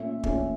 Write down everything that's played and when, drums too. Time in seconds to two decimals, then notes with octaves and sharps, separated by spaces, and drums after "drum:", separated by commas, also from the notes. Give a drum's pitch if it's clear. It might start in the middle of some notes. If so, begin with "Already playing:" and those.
Already playing: A#2 A3 C#4 E5
0.23 A#2 A3 C#4, drum: kick